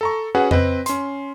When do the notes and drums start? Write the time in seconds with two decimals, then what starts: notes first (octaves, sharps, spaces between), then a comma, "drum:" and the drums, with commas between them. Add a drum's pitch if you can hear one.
0.01 A4 A#5 C#6
0.35 C#4 F#4 G#4 B4 F#5
0.51 C4 B4 D#5, drum: tom F2
0.86 C#4 C6, drum: hi-hat